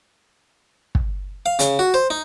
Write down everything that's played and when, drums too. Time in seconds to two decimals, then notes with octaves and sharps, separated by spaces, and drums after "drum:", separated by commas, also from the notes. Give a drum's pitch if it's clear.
0.95 drum: kick
1.46 F5
1.59 C#3, drum: hi-hat
1.79 F#4
1.94 C5
2.10 D#4